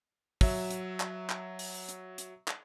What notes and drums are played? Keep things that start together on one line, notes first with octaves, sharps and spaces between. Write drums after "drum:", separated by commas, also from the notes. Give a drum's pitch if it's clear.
F#3 E5, drum: kick, open hi-hat
drum: hi-hat
drum: clap
drum: clap
drum: open hi-hat
drum: hi-hat
drum: hi-hat
drum: clap